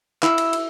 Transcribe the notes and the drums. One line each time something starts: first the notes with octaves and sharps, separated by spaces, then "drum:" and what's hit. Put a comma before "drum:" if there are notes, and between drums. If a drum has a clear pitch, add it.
E4, drum: clap
drum: cymbal
drum: cymbal